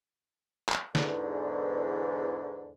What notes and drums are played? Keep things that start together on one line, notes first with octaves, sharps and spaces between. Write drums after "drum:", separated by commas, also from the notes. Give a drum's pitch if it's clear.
drum: clap
E2 G#2 D3, drum: snare